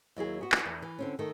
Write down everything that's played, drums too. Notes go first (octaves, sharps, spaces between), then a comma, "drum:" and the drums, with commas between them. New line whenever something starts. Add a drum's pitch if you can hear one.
D#2 F#3 E4 G#4
B3 F#4
drum: clap
E2
E3
D3 C4 C#4
D#3 A3 A4